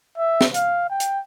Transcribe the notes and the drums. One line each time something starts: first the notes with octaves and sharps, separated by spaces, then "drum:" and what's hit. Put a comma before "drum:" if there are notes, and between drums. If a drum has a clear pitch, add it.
E5
drum: snare
F5, drum: hi-hat
G5
drum: hi-hat